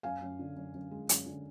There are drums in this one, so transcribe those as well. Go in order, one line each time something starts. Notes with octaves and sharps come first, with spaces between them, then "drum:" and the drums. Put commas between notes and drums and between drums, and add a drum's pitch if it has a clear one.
F#2 F5 G#5
F#2
D3
F#2
F#2
G#3
F#2, drum: hi-hat
D3